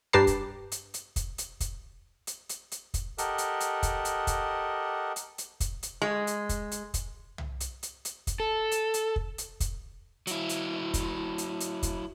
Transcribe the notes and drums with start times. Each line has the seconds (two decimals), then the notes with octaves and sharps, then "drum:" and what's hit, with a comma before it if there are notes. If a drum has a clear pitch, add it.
0.13 G2 G4 B4 A5 A#5 C7
0.27 drum: kick, hi-hat
0.72 drum: hi-hat
0.94 drum: hi-hat
1.16 drum: kick, hi-hat
1.38 drum: hi-hat
1.60 drum: kick, hi-hat
2.27 drum: hi-hat
2.49 drum: hi-hat
2.72 drum: hi-hat
2.94 drum: kick, hi-hat
3.18 G4 A4 A#4 D#5 F#5, drum: hi-hat
3.38 drum: hi-hat
3.60 drum: hi-hat
3.83 drum: kick, hi-hat
4.05 drum: hi-hat
4.27 drum: kick, hi-hat
5.16 drum: hi-hat
5.38 drum: hi-hat
5.60 drum: kick, hi-hat
5.83 drum: hi-hat
6.02 G#3
6.27 drum: hi-hat
6.49 drum: kick, hi-hat
6.71 drum: hi-hat
6.94 drum: kick, hi-hat
7.38 drum: tom
7.60 drum: hi-hat
7.83 drum: hi-hat
8.05 drum: hi-hat
8.27 drum: kick, hi-hat
8.40 A4
8.71 drum: hi-hat
8.94 drum: hi-hat
9.16 drum: kick
9.38 drum: hi-hat
9.60 drum: kick, hi-hat
10.27 F#3 E4, drum: hi-hat
10.49 drum: hi-hat
10.94 drum: kick, hi-hat
11.38 drum: hi-hat
11.60 drum: hi-hat
11.83 drum: kick, hi-hat